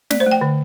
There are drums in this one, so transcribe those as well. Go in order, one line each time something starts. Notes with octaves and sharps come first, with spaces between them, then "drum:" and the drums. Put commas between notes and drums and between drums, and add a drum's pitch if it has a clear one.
A3 D5, drum: snare
C5
A3 G5
D3